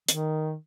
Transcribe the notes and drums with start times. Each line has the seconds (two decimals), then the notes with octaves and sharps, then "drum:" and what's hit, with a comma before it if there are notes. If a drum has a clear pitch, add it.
0.08 D#3, drum: hi-hat